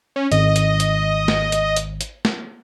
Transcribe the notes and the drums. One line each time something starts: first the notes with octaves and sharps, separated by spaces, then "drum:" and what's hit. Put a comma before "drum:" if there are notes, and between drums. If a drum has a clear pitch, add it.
C#4
G#1 D#5, drum: hi-hat
drum: hi-hat
drum: hi-hat
drum: snare
drum: hi-hat
drum: hi-hat
drum: hi-hat
drum: snare